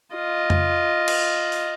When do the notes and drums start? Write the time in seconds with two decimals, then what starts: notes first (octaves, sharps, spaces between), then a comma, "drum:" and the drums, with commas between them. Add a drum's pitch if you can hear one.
0.15 F4 D#5
0.50 drum: tom F2
1.08 drum: cymbal
1.52 drum: open hi-hat